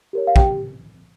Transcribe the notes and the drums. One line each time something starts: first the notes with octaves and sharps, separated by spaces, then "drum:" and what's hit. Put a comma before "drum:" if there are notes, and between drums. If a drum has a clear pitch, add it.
G4 A#4 C#5
F5
G4 G5, drum: kick